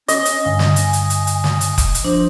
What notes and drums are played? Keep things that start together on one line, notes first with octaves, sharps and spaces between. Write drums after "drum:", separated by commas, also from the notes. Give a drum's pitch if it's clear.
C#4 D#5, drum: hi-hat
drum: hi-hat
G2 D3 F5 G#5
drum: snare
drum: hi-hat
drum: hi-hat
drum: hi-hat
drum: hi-hat
drum: snare
drum: hi-hat
drum: kick F1, hi-hat
drum: hi-hat
F3 D4 C5